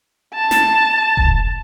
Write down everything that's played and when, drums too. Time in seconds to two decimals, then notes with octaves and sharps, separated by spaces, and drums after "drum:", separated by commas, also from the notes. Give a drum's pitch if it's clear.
0.34 A5
0.51 drum: snare
1.17 drum: kick E1